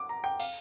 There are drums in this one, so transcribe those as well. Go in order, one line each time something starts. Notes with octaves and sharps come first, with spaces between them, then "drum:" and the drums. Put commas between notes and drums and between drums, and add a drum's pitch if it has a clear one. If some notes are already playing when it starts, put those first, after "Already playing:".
Already playing: D6
A#5
G5
F5, drum: cymbal